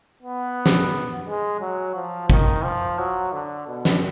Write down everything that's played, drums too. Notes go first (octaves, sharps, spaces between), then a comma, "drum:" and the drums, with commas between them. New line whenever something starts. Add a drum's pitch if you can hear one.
B3
drum: snare
G#3
F#3
F3
D#3, drum: kick
F3
F#3
D3
B2
drum: snare